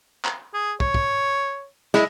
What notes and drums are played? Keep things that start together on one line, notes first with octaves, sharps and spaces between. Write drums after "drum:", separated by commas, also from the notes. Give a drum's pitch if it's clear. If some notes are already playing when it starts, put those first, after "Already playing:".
drum: clap
G#4
C#5, drum: kick
drum: kick
G#3 E4, drum: snare